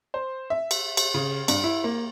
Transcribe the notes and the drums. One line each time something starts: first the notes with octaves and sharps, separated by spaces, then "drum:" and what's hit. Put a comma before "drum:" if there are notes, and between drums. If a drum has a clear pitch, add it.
C5
E5
drum: cymbal
drum: cymbal
C#3
G2, drum: cymbal
E4
A#3